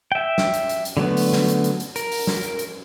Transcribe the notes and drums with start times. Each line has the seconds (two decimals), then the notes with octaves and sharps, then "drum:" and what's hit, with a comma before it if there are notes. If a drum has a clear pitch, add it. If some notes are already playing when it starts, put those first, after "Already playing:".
0.12 E5 G5
0.38 drum: snare
0.54 drum: hi-hat
0.69 drum: hi-hat
0.85 drum: hi-hat
0.97 D3 F#3 A3 B3
1.17 drum: open hi-hat
1.33 drum: snare
1.48 drum: hi-hat
1.64 drum: hi-hat
1.80 drum: hi-hat
1.96 A#4, drum: hi-hat
2.12 drum: open hi-hat
2.27 drum: snare
2.43 drum: hi-hat
2.59 drum: hi-hat